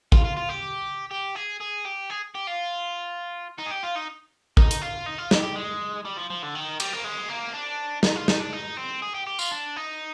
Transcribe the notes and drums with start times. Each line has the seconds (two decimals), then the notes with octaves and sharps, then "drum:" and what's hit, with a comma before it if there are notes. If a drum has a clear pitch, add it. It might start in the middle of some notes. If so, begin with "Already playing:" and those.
0.12 F4, drum: kick
0.24 F4
0.37 F4
0.49 G4
1.11 G4
1.36 G#4
1.60 G#4
1.85 G4
2.10 G#4
2.35 G4
2.47 F4
3.58 D#4
3.66 G#4
3.70 G4
3.83 F4
3.95 D#4
4.57 D#4, drum: kick
4.71 drum: hi-hat
4.81 F4
5.06 D#4
5.18 F4
5.31 G4, drum: snare
5.43 G4
5.56 G#3
6.05 G3
6.17 F3
6.30 F3
6.43 D3
6.55 D#3
6.80 G3, drum: cymbal
6.93 A#3
7.04 G#3
7.29 A#3
7.54 D4
8.03 D#4, drum: snare
8.16 F4
8.28 D#4, drum: snare
8.40 D4
8.53 D#4
8.77 C4
9.02 G#4
9.14 G4
9.27 G4
9.39 F4, drum: tambourine
9.51 D4
9.76 D#4